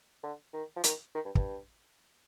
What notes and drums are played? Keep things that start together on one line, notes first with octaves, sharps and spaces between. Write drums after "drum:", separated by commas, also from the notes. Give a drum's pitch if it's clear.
D3
D#3
F3
D#3, drum: hi-hat
D#3
G2
G2, drum: kick